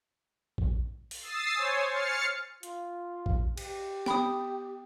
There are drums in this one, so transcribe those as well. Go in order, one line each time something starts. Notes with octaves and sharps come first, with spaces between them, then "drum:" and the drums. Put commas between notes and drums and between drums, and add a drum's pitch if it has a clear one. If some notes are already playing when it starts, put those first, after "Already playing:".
drum: kick A#1
drum: open hi-hat
D#6 E6 A6 C7
C5 C#5 G#5
F6 A6 C7 C#7
F4, drum: hi-hat
drum: kick A#1
G4, drum: cymbal
B3 G5 B5 D#6, drum: snare